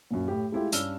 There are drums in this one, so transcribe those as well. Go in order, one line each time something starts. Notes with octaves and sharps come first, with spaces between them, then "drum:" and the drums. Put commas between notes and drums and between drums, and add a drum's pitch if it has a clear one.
F#2 A#2
A2 G4
G#3 A3 E4 F4 G4
G2 C#4 D4 E6 F6 G7, drum: hi-hat